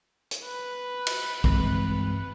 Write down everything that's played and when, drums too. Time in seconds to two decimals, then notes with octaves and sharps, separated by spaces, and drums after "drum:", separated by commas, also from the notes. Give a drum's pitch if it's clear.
0.31 drum: hi-hat
0.45 B4
1.07 drum: cymbal
1.44 G2 E3 G#3 C4, drum: kick